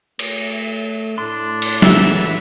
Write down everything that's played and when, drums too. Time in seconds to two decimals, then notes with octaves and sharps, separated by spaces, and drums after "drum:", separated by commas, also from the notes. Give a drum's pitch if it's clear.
0.19 A3, drum: cymbal
1.18 A2 D4 C6
1.62 drum: cymbal
1.82 E3 F#4 G#4 E5 E6, drum: snare